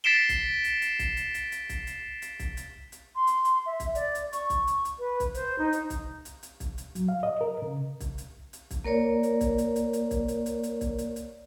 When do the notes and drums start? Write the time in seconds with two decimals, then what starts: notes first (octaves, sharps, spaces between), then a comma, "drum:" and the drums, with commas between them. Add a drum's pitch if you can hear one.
0.04 A6 B6 C7 D7 E7 G7
0.29 drum: kick, hi-hat
0.64 drum: hi-hat
0.82 drum: hi-hat
0.99 drum: kick, hi-hat
1.17 drum: hi-hat
1.34 drum: hi-hat
1.52 drum: hi-hat
1.69 drum: kick, hi-hat
1.87 drum: hi-hat
2.22 drum: hi-hat
2.39 drum: kick, hi-hat
2.57 drum: hi-hat
2.92 drum: hi-hat
3.15 C6
3.27 drum: hi-hat
3.45 drum: hi-hat
3.66 E5
3.80 drum: kick, hi-hat
3.95 D5, drum: hi-hat
4.15 drum: hi-hat
4.33 C#6, drum: hi-hat
4.50 drum: kick, hi-hat
4.67 drum: hi-hat
4.85 drum: hi-hat
4.99 B4
5.20 drum: kick, hi-hat
5.34 C5, drum: hi-hat
5.59 D#4
5.73 drum: hi-hat
5.90 drum: kick, hi-hat
6.25 drum: hi-hat
6.43 drum: hi-hat
6.60 drum: kick, hi-hat
6.78 drum: hi-hat
6.95 F#3, drum: hi-hat
7.09 F5
7.23 D#5
7.41 A#4
7.62 C#3
8.00 drum: kick, hi-hat
8.18 drum: hi-hat
8.53 drum: hi-hat
8.71 drum: kick, hi-hat
8.84 A#3 A#4 C#5 D5
9.23 drum: hi-hat
9.41 drum: kick, hi-hat
9.58 drum: hi-hat
9.76 drum: hi-hat
9.93 drum: hi-hat
10.11 drum: kick, hi-hat
10.28 drum: hi-hat
10.46 drum: hi-hat
10.63 drum: hi-hat
10.81 drum: kick, hi-hat
10.98 drum: hi-hat
11.16 drum: hi-hat